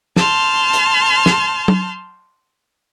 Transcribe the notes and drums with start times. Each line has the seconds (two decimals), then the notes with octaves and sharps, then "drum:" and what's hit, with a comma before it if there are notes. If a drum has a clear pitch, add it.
0.16 A5 C6 F6 G6, drum: snare
0.73 drum: hi-hat
1.26 drum: snare
1.68 drum: tom